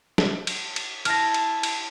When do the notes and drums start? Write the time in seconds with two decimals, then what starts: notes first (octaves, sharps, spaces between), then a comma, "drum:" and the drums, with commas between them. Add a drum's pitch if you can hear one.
0.18 drum: snare
0.47 drum: cymbal
0.76 drum: cymbal
1.05 E4 A5 F6 A#6, drum: cymbal
1.34 drum: cymbal
1.63 drum: cymbal